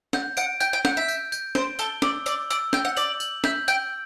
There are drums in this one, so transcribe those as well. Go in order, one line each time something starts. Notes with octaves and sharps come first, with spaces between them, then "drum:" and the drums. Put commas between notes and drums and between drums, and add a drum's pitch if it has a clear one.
F#5 G6, drum: snare
F#5 D7, drum: tambourine
G5 G6, drum: tambourine
G5
F#5 G6, drum: snare
E5
G6, drum: tambourine
G6, drum: tambourine
C5 D7, drum: snare
A4 G7, drum: tambourine
D5 E6, drum: snare
D5 E6, drum: tambourine
D5 E6, drum: tambourine
G5 G6, drum: snare
F#5
D5 F#7, drum: tambourine
F#7, drum: tambourine
E5 G6, drum: snare
G5 G6, drum: tambourine